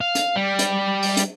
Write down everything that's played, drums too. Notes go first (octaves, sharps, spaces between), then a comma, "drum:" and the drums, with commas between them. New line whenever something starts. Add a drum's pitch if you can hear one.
F5
drum: hi-hat
G3
drum: hi-hat
drum: open hi-hat
drum: hi-hat